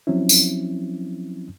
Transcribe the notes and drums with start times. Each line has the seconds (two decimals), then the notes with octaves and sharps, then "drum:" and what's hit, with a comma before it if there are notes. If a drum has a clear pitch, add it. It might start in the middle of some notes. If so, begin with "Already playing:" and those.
0.07 F3 F#3 C4 C#4 E4
0.29 drum: tambourine